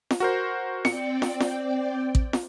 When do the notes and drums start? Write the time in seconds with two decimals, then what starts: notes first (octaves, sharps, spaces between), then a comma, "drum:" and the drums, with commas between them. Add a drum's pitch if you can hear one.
0.11 drum: snare
0.20 F#4 A#4 C5
0.85 C4 D5 G5 C#7, drum: snare
1.22 drum: snare
1.40 drum: snare
2.15 drum: kick A1
2.33 drum: snare